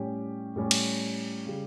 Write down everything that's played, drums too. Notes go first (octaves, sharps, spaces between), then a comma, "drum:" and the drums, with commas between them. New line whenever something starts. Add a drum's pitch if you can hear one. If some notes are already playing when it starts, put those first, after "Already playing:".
Already playing: A2 G3 C#4 G4 C#5
A2 G3 C#4 G4 C#5
drum: cymbal
C#3 G3